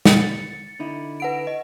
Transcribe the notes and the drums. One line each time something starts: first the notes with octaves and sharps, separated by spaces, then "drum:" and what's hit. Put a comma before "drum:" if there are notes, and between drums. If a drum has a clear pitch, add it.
A6 C#7, drum: snare
D3 D#4 E4
B4 F#5 D7
D#5